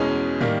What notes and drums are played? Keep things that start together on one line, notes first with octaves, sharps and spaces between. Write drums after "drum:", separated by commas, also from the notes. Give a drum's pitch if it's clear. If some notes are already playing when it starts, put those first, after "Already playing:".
Already playing: E2 B2 G#3 C#4
D#3 G3 A#3, drum: tom